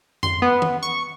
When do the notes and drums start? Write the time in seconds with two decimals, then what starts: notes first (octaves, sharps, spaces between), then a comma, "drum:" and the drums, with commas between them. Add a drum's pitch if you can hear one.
0.23 C6, drum: tom F2
0.42 B3
0.62 drum: tom D#3
0.83 C#6